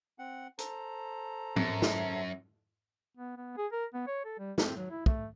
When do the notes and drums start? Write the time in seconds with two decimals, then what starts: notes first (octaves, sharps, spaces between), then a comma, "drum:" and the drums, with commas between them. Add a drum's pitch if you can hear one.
0.19 C4 F#5
0.59 A4 C5 A#5, drum: hi-hat
1.56 F#2, drum: tom
1.82 drum: snare
3.17 B3
3.37 B3
3.57 G#4
3.72 A#4
3.94 B3
4.07 C#5
4.25 A4
4.39 G3
4.58 C4, drum: snare
4.76 F#3
4.90 E4
5.06 A3, drum: kick